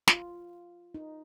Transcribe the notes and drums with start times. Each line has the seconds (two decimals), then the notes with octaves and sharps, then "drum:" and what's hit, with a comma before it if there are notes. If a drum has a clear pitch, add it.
0.08 F4, drum: snare
0.94 D#4